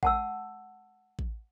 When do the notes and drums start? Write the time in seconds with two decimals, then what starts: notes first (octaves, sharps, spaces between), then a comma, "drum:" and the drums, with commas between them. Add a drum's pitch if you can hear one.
0.03 F#5 A5 E6, drum: kick A1
1.19 drum: kick A1